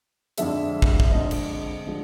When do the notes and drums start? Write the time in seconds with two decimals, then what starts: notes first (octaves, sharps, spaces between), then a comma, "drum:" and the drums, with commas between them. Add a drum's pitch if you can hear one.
0.38 F2 D3 F3 G#3 E5, drum: hi-hat
0.82 drum: kick
1.00 drum: kick
1.12 F2 D3 F3 G#3 D#5
1.31 drum: cymbal
1.87 D3 F3 G#3